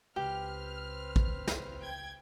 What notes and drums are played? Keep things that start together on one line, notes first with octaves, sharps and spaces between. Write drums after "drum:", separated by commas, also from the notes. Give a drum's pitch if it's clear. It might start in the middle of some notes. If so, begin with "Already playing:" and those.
C#2 C4 G4 B4 C5 F6
drum: kick
drum: snare
G5 G#6